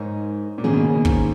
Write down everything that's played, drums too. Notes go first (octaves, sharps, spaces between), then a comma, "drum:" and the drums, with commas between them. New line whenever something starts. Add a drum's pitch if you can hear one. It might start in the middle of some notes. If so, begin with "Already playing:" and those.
Already playing: G#2 G#3 D#4 A#4 C#5
A#2
G#2 D#3 A#3 C#4 G#4
B2
C#3
B2
G#2, drum: kick